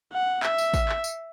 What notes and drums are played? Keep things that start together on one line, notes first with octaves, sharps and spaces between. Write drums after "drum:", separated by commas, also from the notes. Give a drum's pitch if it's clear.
F#5
E5, drum: clap
drum: tambourine
drum: kick A1, tambourine
drum: clap
drum: tambourine